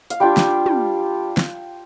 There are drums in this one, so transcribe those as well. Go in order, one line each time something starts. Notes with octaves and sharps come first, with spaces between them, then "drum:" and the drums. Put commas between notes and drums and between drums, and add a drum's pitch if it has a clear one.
F5, drum: hi-hat
G3 D4 F4 G5
drum: snare
drum: tom
drum: snare